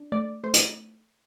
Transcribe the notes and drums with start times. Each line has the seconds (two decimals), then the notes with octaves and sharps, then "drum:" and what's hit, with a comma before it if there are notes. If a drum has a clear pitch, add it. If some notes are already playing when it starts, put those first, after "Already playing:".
Already playing: D4
0.12 A3 D5
0.44 A3 C5
0.54 drum: hi-hat